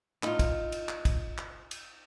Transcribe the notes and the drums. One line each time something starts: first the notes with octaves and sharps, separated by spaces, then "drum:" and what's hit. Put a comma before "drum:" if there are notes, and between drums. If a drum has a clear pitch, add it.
D#4 F4, drum: clap
drum: kick, cymbal
drum: cymbal
drum: clap
drum: kick, cymbal
drum: clap
drum: cymbal